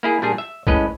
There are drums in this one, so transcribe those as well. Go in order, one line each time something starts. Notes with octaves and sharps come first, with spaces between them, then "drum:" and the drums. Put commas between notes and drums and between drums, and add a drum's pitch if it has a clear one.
A#3 E4 G#4
A#2 G3 D4 G#4
E5
A2 G#3 C#4 B4 D#5, drum: kick A#1